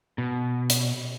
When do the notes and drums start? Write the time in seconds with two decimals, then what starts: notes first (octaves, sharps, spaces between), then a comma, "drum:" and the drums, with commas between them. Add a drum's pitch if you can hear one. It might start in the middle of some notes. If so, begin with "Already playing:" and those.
0.18 B2
0.70 drum: hi-hat